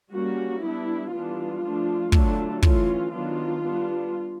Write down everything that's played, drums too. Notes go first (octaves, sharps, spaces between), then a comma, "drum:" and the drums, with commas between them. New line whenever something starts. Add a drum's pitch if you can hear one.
G3 A#3 C#4 F#4
G3 B3 D4 E4
E3 G3 B3 D4 F4
F3 A3 D4
D3 F#3 A3 D4, drum: kick
E3 A3 C#4 F4, drum: kick
D#3 F#3 B3 D4 F4
G3 B3 D4